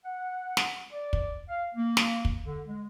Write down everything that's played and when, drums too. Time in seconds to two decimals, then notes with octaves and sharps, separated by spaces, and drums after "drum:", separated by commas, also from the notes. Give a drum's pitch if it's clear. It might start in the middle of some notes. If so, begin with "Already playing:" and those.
0.05 F#5
0.57 drum: snare
0.92 D5
1.13 drum: kick
1.49 F5
1.75 A#3
1.97 drum: snare
2.25 drum: kick
2.44 D3
2.67 G#3